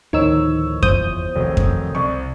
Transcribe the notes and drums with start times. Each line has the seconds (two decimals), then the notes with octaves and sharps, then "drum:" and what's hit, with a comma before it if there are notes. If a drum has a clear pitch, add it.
0.13 D2 A2 D#3 F3 D#4 C#5 E6
0.82 G1 E2 F3 C5 D#6 G6, drum: kick F2
1.36 F1 D#3 F3 F#3
1.57 drum: kick F2
1.95 C2 C#6